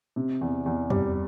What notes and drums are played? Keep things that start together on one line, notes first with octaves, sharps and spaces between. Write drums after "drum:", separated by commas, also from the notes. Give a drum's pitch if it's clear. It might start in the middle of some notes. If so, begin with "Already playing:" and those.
C3
E2
E2
G3, drum: tom